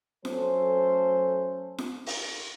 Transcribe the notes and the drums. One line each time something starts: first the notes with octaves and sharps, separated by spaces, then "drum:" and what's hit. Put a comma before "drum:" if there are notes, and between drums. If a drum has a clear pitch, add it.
F#3 A3 C#4 A4 C5, drum: snare F4
drum: snare F4
drum: open hi-hat